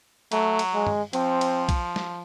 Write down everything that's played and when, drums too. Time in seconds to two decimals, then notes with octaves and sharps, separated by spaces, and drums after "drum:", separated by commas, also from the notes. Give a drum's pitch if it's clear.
0.32 F#3 A3, drum: cymbal
0.59 drum: cymbal
0.73 G#3
0.87 drum: tom
1.13 F3 C4, drum: cymbal
1.41 drum: cymbal
1.69 drum: kick B1, cymbal
1.96 drum: snare